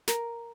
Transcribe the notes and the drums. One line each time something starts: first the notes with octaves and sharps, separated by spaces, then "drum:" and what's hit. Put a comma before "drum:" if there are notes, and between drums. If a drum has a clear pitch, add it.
A#4, drum: snare